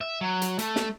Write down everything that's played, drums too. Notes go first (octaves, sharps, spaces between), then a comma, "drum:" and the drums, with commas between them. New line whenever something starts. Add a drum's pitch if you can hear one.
E5
F#3
drum: hi-hat
A3, drum: hi-hat
drum: snare